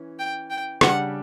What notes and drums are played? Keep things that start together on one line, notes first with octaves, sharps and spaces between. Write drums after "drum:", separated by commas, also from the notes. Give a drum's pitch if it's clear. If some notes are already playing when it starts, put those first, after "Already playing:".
Already playing: E3 C#4
G5
G5
C#3 G3 D4 G4 F#5, drum: rim click